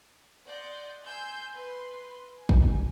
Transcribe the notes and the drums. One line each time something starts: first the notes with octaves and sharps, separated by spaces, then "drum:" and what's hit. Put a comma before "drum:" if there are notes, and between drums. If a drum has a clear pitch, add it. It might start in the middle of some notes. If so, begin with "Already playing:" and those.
D5 D#5 F#5 C6 G6
G#5 C6 E6 G6
B4 C6
G#5
drum: kick